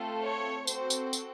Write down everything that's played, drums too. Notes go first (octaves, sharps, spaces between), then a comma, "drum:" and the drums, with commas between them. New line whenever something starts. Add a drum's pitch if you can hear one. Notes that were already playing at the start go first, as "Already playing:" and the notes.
Already playing: A3 C4 F4 A4
C#5
C4 F#4 A4 C5, drum: tambourine
drum: tambourine
drum: tambourine